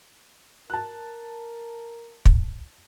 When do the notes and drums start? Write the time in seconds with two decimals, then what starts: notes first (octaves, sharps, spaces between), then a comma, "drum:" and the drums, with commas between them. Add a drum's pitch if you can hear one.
0.70 A#4 A5 F#6
2.26 drum: kick